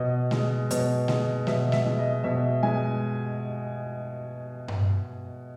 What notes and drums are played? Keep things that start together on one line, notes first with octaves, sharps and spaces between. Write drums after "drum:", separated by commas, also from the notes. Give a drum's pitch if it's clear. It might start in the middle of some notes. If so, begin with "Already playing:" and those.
Already playing: B2 D#5
G#3, drum: snare G#3
B2, drum: hi-hat
G#3, drum: snare G#3
B2 E5, drum: snare G#3
E5, drum: snare G#3
G#3
D#5
B2 E5
G#3 G#5
drum: tom G2